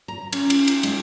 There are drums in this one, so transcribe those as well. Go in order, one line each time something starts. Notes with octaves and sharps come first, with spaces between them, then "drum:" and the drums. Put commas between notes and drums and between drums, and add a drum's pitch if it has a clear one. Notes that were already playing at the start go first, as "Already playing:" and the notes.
A#5
C#4, drum: cymbal
drum: cymbal
drum: cymbal
G#3, drum: cymbal